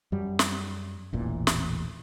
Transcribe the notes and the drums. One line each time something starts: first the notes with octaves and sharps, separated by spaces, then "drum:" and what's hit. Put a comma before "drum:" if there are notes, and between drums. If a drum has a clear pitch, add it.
F#2 G3
drum: snare
E1 A1 A#2 E3
drum: snare